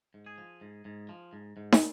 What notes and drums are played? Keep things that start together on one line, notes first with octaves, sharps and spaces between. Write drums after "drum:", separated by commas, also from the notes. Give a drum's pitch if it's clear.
G#2
G#4
F3
G#2
G#2
F3
G#2
G#2
drum: snare